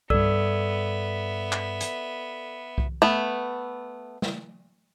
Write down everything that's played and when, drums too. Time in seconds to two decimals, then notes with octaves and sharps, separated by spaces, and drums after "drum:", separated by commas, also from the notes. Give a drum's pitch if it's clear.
0.10 G2 B3 A4 D5 E5 E6, drum: kick C2
1.52 drum: clap
1.81 drum: hi-hat
2.78 drum: kick C2
3.02 A3 B3
4.22 drum: snare